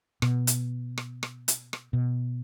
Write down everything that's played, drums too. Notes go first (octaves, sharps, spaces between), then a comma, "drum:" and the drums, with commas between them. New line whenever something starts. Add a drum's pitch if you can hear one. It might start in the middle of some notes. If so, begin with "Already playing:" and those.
B2, drum: rim click
drum: hi-hat
drum: rim click
drum: rim click
drum: hi-hat
drum: rim click
B2